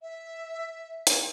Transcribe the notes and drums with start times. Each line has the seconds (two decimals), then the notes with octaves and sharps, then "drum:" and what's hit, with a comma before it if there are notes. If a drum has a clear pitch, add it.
0.02 E5
1.07 drum: hi-hat